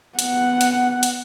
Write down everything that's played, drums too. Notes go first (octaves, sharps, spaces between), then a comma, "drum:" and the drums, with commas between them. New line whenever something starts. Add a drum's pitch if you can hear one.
B3 F#5, drum: hi-hat
drum: hi-hat
drum: hi-hat